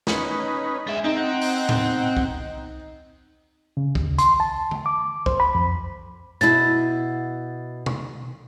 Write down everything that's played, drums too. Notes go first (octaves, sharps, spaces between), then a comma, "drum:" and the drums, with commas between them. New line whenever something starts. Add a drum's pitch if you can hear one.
C#4 D#4 B4, drum: snare
G#3 D4 E5
C4 D#4
F#5 G5
drum: open hi-hat
drum: tom A2
drum: kick
C#3
D#2, drum: kick
C6, drum: hi-hat
A5
drum: tom D3
D6
C5, drum: kick
B5
F2
B2 E4 A6, drum: hi-hat
drum: tom B2